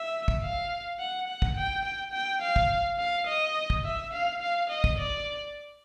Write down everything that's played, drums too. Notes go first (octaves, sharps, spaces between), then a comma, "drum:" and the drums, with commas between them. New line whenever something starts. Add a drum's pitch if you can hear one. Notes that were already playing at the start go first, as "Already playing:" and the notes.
Already playing: E5
drum: kick
F5
F#5
F#5
drum: kick
G5
G5
G5
F5
drum: kick
F5
D#5
drum: kick
E5
F5
F5
D#5
drum: kick
D5